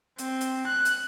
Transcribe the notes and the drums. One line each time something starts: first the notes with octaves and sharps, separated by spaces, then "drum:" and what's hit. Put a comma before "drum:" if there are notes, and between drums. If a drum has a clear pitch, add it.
C4, drum: hi-hat
drum: hi-hat
F#6
drum: hi-hat